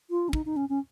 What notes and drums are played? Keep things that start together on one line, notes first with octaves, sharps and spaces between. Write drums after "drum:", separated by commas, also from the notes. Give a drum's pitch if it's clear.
F4
C#4
D#4, drum: kick
D#4
C#4
C#4